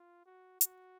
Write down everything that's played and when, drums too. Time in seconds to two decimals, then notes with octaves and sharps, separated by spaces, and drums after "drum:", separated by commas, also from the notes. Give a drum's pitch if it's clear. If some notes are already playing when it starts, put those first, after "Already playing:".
Already playing: F4
0.26 F#4
0.61 F#4, drum: hi-hat